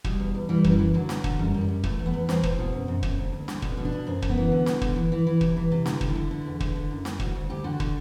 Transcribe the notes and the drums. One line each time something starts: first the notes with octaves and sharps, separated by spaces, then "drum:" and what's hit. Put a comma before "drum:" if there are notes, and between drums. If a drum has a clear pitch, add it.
B2 G3, drum: kick
E2
E2
E3 G3
F#2, drum: kick
F#3
E3
D3 F#3
D3, drum: snare
D3, drum: kick
F#2 G3
F#2
G3
F#2
E2 A3, drum: kick
E2
B3
E2
E2 C4, drum: snare
E2, drum: kick
B2
F#2
F#2
F#2, drum: kick
D2
D2
D3, drum: snare
B2 D4, drum: kick
B2
D4
B2
F#2 C4
F#2, drum: kick
B3
E3
D3
D3, drum: snare
D3, drum: kick
E3
E3
E3
C3, drum: kick
E3
C3
D3, drum: snare
D3, drum: kick
E4
D3
D3
E2
D3, drum: kick
D3
F#2
F#2, drum: snare
D2 F#4, drum: kick
D2
D2 G4
D3 F#4
D3, drum: kick